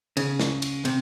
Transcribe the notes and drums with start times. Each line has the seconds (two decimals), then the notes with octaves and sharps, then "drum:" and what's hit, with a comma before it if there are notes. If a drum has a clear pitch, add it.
0.17 C#3, drum: cymbal
0.40 drum: snare
0.62 drum: cymbal
0.85 C3, drum: cymbal